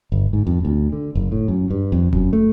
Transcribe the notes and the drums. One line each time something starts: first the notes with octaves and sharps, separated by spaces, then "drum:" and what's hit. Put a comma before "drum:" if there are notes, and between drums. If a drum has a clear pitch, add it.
G1
G#2
F2
D2
D3
F#1
A2
F#2
G2
F2
F#2, drum: kick F1
A3